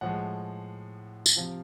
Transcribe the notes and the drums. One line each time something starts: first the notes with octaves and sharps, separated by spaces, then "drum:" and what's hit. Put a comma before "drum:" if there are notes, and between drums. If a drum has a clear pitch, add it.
A2 F3 G#3 F#5
drum: tambourine
C3 F3 F5